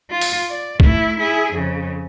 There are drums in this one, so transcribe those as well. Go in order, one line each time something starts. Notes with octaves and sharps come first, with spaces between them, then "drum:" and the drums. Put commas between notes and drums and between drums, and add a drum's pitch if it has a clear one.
F4
drum: open hi-hat
D5
A3 E4, drum: kick
E4 G#4
F2 C#3